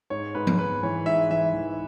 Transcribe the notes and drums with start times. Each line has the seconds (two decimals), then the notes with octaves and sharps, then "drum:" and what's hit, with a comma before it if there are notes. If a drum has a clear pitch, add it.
0.10 G#2 C#5
0.35 G#2 B4
0.47 drum: tom F3
0.59 G#2 B4
0.83 E3 C#5
1.06 G#2 E5
1.30 E3 E5
1.54 E3